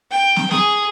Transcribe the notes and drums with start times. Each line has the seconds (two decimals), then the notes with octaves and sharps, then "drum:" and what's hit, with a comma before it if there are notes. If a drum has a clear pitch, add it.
0.11 G5
0.36 drum: snare
0.51 G#4, drum: snare